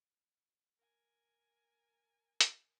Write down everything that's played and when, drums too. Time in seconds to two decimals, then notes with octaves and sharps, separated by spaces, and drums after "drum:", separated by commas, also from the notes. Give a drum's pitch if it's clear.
0.78 A#4 G#5
2.41 drum: hi-hat